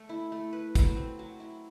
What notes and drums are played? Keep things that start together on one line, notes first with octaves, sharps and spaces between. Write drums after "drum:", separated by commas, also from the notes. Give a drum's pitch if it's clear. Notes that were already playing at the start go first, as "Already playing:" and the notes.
Already playing: A3
E4
A3
B4
F#3, drum: kick, hi-hat
C4
F#3
E4